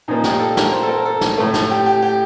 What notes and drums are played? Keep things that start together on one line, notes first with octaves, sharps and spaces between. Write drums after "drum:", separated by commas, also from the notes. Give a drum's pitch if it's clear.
A#2 F3 A#3 D#4
G4, drum: snare
A4
A#4, drum: snare
C5
A4
A#4
A4
drum: snare
A2 A3
drum: snare
G4
G4
G4